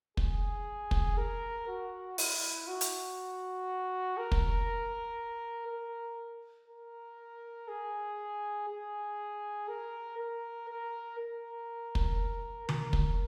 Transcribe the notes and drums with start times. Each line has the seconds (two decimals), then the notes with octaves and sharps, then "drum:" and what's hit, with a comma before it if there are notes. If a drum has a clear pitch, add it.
0.17 G#4, drum: kick
0.91 drum: kick
1.18 A#4
1.68 F#4
2.18 E4, drum: open hi-hat
2.68 F#4
2.81 drum: hi-hat
4.18 A#4
4.32 drum: kick
5.68 A#4
6.68 A#4
7.68 G#4
8.69 G#4
9.68 A#4
10.18 A#4
10.68 A#4
11.19 A#4
11.95 drum: kick
12.69 A#4, drum: tom D3
12.93 drum: kick